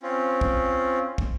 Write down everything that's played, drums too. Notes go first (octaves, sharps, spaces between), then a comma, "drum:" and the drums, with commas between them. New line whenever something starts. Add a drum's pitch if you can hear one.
C4 C#4 F4
drum: kick
drum: kick